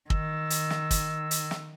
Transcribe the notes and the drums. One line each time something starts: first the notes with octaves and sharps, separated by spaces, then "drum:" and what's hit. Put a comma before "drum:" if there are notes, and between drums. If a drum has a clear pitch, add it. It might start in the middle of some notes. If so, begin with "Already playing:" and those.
D#3 E6, drum: kick
drum: hi-hat
drum: snare
drum: kick, hi-hat
drum: hi-hat
drum: snare